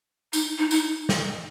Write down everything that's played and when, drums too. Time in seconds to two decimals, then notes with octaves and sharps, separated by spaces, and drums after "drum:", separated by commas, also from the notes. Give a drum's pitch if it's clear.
0.33 D#4, drum: tambourine
0.58 D#4
0.71 D#4, drum: tambourine
1.09 drum: snare